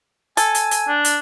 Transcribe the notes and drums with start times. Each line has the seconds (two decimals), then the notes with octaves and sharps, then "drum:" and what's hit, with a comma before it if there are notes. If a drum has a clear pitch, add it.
0.37 A4 G#5, drum: hi-hat
0.55 drum: hi-hat
0.71 drum: hi-hat
0.88 D4
1.05 drum: hi-hat